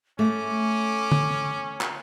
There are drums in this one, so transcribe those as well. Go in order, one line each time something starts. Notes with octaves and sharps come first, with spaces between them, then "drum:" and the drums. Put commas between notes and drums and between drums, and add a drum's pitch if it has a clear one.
A3 C#4 D6
drum: tom
drum: clap